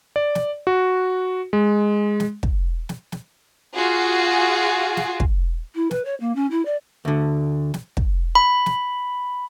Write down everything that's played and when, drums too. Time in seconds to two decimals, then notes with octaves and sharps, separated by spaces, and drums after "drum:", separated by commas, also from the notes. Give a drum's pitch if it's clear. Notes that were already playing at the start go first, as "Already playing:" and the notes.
0.16 D5
0.35 drum: snare
0.67 F#4
1.53 G#3
2.20 drum: snare
2.43 drum: kick
2.89 drum: snare
3.12 drum: snare
3.75 F4 F#4 G#4
4.97 drum: snare
5.20 drum: kick
5.75 E4
5.91 B4, drum: snare
6.05 C#5
6.20 A#3
6.35 C#4
6.51 E4
6.65 D5
7.05 D2 D3
7.74 drum: snare
7.97 drum: kick
8.35 B5
8.66 drum: snare